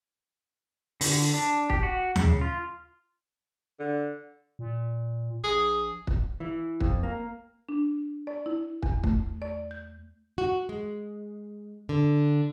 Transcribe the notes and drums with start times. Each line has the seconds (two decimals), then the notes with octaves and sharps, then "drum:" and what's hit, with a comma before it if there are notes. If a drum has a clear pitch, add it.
1.01 D3, drum: open hi-hat
1.34 D4
1.70 G4, drum: kick
1.83 F#4
2.16 C#3, drum: tom D#2
2.41 F4
3.80 D3
4.59 A#2
5.43 A#1 G#4
6.07 drum: kick
6.40 E3
6.80 F2, drum: kick
7.03 A#3
7.69 D4
8.27 D5
8.46 E4
8.83 E2, drum: kick
9.04 A3, drum: kick
9.42 D5
9.71 G6
10.38 F#4
10.69 G#3
11.89 D3